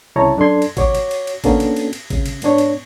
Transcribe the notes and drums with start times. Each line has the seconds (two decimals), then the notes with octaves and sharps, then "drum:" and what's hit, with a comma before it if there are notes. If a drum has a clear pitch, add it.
0.16 C2 C#3 E4 C#5 A5 A#5
0.37 F#2 D4 A4 D5 C6 G#6
0.62 drum: cymbal
0.77 F#4 C#5 D6, drum: kick G#1, cymbal
0.95 drum: cymbal
1.11 drum: cymbal
1.27 drum: cymbal
1.44 A#3 B3 C#4 D4 F#4 A4, drum: kick G#1, cymbal
1.60 drum: cymbal
1.76 drum: cymbal
1.93 drum: cymbal
2.10 C#3, drum: kick G#1, cymbal
2.26 drum: cymbal
2.42 G#2 B3 D4 C#5, drum: cymbal
2.58 drum: cymbal